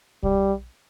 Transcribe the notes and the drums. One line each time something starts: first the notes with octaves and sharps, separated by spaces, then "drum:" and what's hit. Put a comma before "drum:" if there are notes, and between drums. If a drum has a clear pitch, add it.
G3, drum: kick